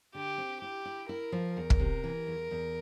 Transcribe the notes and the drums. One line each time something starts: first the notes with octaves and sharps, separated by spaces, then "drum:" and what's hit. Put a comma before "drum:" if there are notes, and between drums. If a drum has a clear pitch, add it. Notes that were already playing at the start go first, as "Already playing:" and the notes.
D3 G4
C4
E4 G4
E4
E4 A#4
F3
E2 A#4
drum: kick
C3
E3
E2
E2